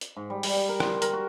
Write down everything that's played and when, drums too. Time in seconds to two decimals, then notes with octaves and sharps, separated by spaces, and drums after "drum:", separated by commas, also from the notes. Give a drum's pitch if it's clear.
0.01 drum: hi-hat
0.17 G#2
0.30 G3
0.43 G3, drum: open hi-hat
0.57 G5
0.69 A#4
0.80 C6, drum: rim click
1.02 A#4, drum: hi-hat
1.13 F#4